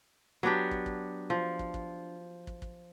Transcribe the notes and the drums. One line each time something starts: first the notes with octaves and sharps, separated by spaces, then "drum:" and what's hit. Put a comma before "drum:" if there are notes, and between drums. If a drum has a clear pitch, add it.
F#3 B3 D4 G4
drum: kick
drum: kick
F3
drum: kick
drum: kick
drum: kick
drum: kick